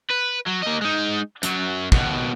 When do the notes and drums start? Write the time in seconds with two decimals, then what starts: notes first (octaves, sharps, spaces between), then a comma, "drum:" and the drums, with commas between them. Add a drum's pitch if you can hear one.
0.11 B4
0.46 F#3
0.62 A#3 D#5
0.81 G#3 D#4
1.43 F#2 F#3, drum: hi-hat
1.92 D#2 B2, drum: kick